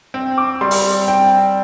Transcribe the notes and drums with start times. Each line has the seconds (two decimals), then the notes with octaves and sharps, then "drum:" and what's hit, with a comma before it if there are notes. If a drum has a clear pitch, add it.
0.14 C4
0.38 D6
0.61 G3 C6
0.71 drum: open hi-hat
1.08 C4 G5